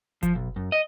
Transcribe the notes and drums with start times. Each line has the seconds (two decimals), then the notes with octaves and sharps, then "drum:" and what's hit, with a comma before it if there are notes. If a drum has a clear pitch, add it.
0.23 F3, drum: kick F#1, hi-hat
0.35 B1
0.56 F#2
0.72 D#5